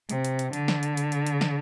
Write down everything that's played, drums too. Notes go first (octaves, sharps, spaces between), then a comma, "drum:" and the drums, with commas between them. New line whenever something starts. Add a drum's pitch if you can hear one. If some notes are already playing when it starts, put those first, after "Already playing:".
C3, drum: hi-hat
drum: hi-hat
drum: hi-hat
D3, drum: hi-hat
drum: snare
drum: hi-hat
drum: hi-hat
drum: hi-hat
drum: hi-hat
drum: snare